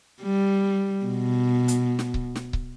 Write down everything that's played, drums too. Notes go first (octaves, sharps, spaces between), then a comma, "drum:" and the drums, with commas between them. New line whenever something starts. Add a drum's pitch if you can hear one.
G3
B2
drum: hi-hat
drum: snare
drum: kick C#1
drum: snare
drum: kick C#1